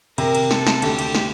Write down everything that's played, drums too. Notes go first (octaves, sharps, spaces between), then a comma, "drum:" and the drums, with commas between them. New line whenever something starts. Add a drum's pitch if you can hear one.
C3 A#4, drum: cymbal
drum: cymbal
A4, drum: snare
drum: snare
D2 D3 G4, drum: cymbal
drum: cymbal
drum: snare